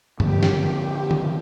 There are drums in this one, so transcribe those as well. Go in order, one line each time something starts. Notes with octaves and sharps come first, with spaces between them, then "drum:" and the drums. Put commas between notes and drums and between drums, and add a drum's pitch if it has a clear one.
D3 F3 A#3 G4, drum: tom G2
drum: snare
drum: tom